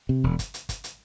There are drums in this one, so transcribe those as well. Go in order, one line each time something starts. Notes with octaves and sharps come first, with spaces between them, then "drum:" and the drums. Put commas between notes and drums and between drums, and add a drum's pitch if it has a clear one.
C3
E1
drum: kick, hi-hat
drum: hi-hat
drum: kick, hi-hat
drum: hi-hat